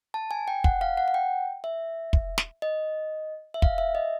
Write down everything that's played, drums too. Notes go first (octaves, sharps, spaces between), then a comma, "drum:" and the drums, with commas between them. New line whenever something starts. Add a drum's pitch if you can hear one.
A5
G#5
G5
F#5, drum: kick
F5
F#5
F#5
G5
E5
drum: kick
drum: snare
D#5
E5
F5, drum: kick
E5
D#5